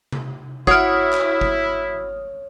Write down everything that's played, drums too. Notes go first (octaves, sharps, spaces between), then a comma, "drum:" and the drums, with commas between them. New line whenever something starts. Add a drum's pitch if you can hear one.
drum: tom C3
E4 F#4 C#5 E5 D#6 F6, drum: kick
drum: clap
drum: kick